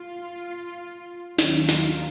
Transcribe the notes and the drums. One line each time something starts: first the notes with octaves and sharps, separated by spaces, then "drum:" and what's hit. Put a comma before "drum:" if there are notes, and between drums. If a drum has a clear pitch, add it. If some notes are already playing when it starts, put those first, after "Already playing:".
Already playing: F4
D#2 D#3 F#3 C#4, drum: snare
F4, drum: snare